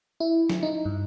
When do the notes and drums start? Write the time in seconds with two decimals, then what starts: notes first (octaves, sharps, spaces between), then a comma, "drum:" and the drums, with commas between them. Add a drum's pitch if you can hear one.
0.20 E4
0.50 drum: snare
0.63 D#4
0.85 G2